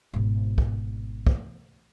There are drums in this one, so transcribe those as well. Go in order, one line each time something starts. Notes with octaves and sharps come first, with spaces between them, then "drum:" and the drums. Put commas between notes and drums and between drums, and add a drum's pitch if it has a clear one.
G#1 B2
drum: kick
drum: kick